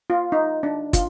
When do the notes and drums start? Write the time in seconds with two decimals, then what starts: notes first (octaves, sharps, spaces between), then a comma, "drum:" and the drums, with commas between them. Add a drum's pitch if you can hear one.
0.10 F4
0.32 D#4
0.63 D4
0.93 F4, drum: kick, hi-hat